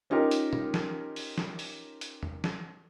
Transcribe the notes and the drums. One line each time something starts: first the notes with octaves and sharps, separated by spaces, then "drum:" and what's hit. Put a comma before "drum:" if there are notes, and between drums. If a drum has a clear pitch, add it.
C#4 D#4 F4 G4 A#4
drum: hi-hat
drum: tom A#2
drum: snare
drum: open hi-hat
drum: snare
drum: open hi-hat
drum: hi-hat
drum: tom E2
drum: snare